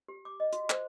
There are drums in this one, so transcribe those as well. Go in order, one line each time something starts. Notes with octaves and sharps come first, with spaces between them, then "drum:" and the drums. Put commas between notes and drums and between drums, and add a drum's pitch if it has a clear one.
G4
D6
D#5
F#4, drum: hi-hat
C5, drum: clap